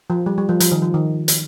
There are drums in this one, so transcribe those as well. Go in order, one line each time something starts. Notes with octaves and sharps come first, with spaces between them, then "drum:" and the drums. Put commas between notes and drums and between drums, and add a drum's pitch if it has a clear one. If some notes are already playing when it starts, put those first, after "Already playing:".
F3
G3
G3
F3
F3, drum: hi-hat
D#3
F3
D#3
drum: hi-hat